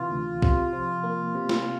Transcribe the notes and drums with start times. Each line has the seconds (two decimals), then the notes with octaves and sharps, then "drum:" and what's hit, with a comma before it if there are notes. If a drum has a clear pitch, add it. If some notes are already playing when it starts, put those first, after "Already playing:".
Already playing: C3 E3 F4
0.12 D2
0.42 C3, drum: kick B1
0.73 F3
1.04 A#3
1.35 C3
1.49 drum: snare